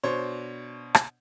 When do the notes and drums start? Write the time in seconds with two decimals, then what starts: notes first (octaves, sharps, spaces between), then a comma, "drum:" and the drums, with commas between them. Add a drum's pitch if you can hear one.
0.03 B2 D4 C5 C#5
0.95 drum: rim click